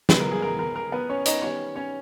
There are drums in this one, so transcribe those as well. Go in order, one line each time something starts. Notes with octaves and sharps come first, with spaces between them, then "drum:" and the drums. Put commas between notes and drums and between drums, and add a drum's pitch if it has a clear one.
B2 G#3 B3 B4, drum: snare
A#4
G#4
A#4
A#4
A#4
B3 B4
C#4 C#5
D#4 D#5, drum: hi-hat
D#3 G3 B3 C#4 C#5
C#4 C#5